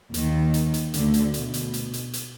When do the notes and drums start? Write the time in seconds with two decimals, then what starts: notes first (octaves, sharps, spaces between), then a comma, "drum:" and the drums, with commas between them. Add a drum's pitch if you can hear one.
0.14 D#2 D#3, drum: hi-hat
0.54 drum: hi-hat
0.74 drum: hi-hat
0.94 D2 D3, drum: hi-hat
1.14 drum: hi-hat
1.34 B2, drum: hi-hat
1.54 drum: hi-hat
1.74 drum: hi-hat
1.93 drum: hi-hat
2.13 drum: hi-hat